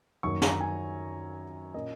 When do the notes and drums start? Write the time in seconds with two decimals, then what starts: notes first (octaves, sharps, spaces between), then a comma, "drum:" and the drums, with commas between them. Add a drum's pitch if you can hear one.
0.23 F#2 D#3 F#3 A#3 C#6
0.42 A#5, drum: snare
0.61 G#5
1.74 A#2 A#3 C#4 D#5